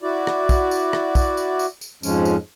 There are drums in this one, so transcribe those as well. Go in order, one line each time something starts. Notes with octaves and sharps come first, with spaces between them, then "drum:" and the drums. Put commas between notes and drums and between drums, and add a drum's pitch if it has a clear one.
E4 F#4 D5
drum: rim click
drum: kick, tambourine
drum: tambourine
drum: rim click
drum: kick, tambourine
drum: tambourine
drum: tambourine
drum: tambourine
F2 G#2 F3 G#3 C#4, drum: tambourine
drum: tambourine